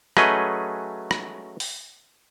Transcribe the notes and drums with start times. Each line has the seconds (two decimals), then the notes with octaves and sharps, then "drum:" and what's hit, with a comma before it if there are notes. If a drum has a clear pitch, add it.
0.17 F#3 A3 C#4 G#4 B4 D#5, drum: rim click
1.11 drum: rim click
1.60 drum: open hi-hat